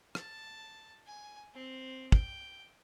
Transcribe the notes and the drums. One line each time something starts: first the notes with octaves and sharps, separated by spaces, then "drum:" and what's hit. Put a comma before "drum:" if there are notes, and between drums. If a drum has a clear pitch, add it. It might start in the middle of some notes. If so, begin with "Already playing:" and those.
A5, drum: rim click
G#5
C4
G5, drum: kick